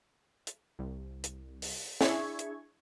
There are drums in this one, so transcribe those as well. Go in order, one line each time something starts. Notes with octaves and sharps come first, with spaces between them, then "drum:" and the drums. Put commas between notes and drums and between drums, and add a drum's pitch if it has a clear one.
drum: hi-hat
C2
drum: hi-hat
drum: open hi-hat
D4 E4 G#4 E5 C#6 G#6, drum: snare
drum: hi-hat